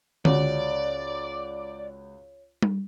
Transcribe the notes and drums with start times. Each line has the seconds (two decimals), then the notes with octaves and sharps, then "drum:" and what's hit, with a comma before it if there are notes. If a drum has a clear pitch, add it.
0.25 C#2 F#4 C#5 D5, drum: tom D3
2.62 drum: tom G3